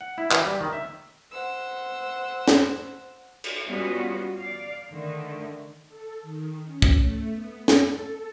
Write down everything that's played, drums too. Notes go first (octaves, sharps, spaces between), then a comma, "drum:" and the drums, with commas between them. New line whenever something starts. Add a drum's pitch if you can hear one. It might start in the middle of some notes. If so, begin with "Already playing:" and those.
F#5
E4
E3, drum: clap
G3
D#3
E5
C5 F#5 E6
drum: snare
drum: cymbal
G3 B3 C#4 F4 F#4
D5 F5
D3 D#3 A3
A4
D#3
C#4
drum: kick
A3
B3
A4, drum: snare